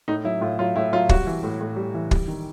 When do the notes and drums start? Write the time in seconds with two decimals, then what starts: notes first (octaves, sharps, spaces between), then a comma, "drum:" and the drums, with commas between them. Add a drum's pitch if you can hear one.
0.08 A2 D#4
0.25 F#3 E4
0.41 A2 F4
0.59 F#3 F4
0.76 A2 E4
0.93 F#3 F4
1.09 G3 F#4, drum: kick
1.27 E3
1.43 A2
1.61 A2
1.76 G3
1.94 E3
2.11 G3, drum: kick
2.28 D#3